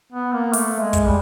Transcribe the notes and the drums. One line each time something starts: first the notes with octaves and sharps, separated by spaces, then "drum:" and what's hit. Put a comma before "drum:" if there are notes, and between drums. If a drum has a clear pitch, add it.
B3
A#3
A3, drum: open hi-hat
G#3
drum: kick, hi-hat
G3